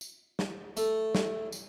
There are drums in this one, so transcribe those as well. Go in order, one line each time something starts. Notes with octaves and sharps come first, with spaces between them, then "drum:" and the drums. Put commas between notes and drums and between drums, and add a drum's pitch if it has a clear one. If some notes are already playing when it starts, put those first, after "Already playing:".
drum: tambourine
drum: snare
A3, drum: tambourine
drum: snare
drum: tambourine